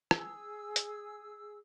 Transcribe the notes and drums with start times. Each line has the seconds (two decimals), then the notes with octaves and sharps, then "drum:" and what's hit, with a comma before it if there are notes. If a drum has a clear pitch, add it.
0.11 G#4 E6, drum: rim click
0.76 drum: hi-hat